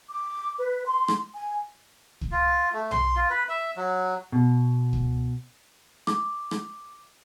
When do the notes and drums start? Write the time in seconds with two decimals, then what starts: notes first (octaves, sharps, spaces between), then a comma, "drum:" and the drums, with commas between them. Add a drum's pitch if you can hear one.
0.10 D6
0.59 B4
0.86 C6
1.08 drum: rim click
1.34 G#5
2.21 drum: kick
2.31 F4
2.73 A3
2.91 C6, drum: tom B1
3.16 F4
3.30 B4
3.49 E5
3.77 F#3
4.32 B2
4.93 drum: kick
6.07 D6, drum: rim click
6.51 drum: rim click